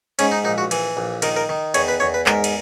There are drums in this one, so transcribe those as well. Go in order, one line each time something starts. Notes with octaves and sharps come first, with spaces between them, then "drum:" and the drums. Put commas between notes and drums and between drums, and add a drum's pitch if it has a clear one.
G#2 C#4, drum: cymbal
D#4
A#1 D#4
F#4
E3, drum: cymbal
A#1
D#3 A#4, drum: cymbal
A#4
D#3
E2 C#5, drum: cymbal
B4
E2 C#5
B4
G#2 A#4, drum: clap
drum: cymbal